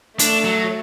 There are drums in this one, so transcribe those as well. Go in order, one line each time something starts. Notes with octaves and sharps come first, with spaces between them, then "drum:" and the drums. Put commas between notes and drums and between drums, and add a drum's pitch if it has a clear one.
A3 D4, drum: hi-hat
F#3